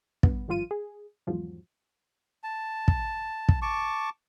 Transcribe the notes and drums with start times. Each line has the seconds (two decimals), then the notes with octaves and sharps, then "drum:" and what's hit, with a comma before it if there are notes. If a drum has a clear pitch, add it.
0.23 G2 B3, drum: kick
0.48 G#1 G2 F3 F4 D#7
0.71 G#4
1.27 E2 G#2 F3 F#3
2.44 A5
2.88 drum: kick
3.49 drum: kick
3.62 A5 C#6 D6